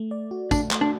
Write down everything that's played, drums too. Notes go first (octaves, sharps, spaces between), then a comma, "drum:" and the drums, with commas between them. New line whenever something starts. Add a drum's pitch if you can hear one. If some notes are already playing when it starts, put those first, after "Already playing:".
Already playing: A3
D5
F#4
A3 D4, drum: kick, tambourine
A3, drum: clap
D4